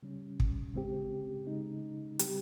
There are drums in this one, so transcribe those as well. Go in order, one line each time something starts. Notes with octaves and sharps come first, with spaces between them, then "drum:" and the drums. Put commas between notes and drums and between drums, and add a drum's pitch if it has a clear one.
C#3 G3 C#4
drum: kick
C#3 G#3 C4 G4
C#3 G#3 D#4
G3 C4 G4, drum: hi-hat